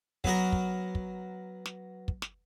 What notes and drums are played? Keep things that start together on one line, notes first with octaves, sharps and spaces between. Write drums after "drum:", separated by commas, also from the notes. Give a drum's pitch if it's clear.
F#3 B3 F#4 A#4, drum: kick
drum: kick
drum: kick
drum: snare
drum: kick
drum: snare